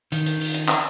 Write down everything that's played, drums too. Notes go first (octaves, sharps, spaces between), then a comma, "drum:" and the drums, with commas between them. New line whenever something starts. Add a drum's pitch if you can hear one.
D#3, drum: hi-hat
drum: hi-hat
drum: open hi-hat
drum: hi-hat
drum: clap